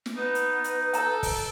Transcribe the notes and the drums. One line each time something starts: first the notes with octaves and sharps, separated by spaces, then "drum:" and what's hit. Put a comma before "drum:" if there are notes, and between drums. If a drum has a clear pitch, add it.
drum: snare
B3 D#4 B4
drum: hi-hat
drum: hi-hat
A4 G5 A#5, drum: hi-hat
drum: kick, open hi-hat